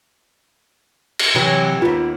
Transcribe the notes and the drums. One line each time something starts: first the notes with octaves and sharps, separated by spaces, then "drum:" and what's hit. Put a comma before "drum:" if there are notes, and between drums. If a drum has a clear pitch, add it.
drum: cymbal
C3 E3 F#3
D#2 B3 F4